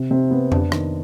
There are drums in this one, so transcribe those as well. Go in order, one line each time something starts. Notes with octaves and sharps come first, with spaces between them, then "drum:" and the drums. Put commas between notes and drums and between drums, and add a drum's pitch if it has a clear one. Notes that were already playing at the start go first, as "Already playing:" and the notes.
Already playing: C3
C3
B3
D4, drum: tom F2
D#3, drum: rim click